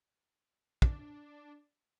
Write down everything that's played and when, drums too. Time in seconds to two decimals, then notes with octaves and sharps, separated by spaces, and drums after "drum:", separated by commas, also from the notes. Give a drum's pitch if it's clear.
0.82 D4, drum: kick